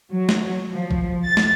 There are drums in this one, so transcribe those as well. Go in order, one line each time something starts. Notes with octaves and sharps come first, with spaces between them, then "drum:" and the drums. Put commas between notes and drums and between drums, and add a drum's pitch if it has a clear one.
F#3
drum: snare
F3
drum: kick A1
A6
drum: snare